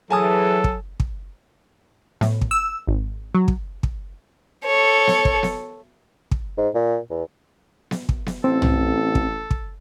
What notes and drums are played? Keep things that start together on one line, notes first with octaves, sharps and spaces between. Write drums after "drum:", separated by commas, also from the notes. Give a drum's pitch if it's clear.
E3 F#3 G#4 A4 G#5 A5 D#6
drum: kick
drum: kick
A2, drum: snare B3
drum: kick
E6
G#1
F#3
drum: kick
drum: kick
A4 C#5
drum: snare B3
drum: kick
drum: snare B3
drum: kick
G#2
A#2
E2
drum: snare B3
drum: kick
drum: snare B3
A1 C4 A4
drum: tom
drum: kick
drum: kick